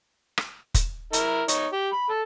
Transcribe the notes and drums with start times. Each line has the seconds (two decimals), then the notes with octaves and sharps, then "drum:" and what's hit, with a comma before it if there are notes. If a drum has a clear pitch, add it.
0.38 drum: rim click
0.74 drum: kick, hi-hat
1.13 E4 A#4, drum: hi-hat
1.48 D#4 C#5, drum: hi-hat
1.73 G4
1.93 B5
2.09 A4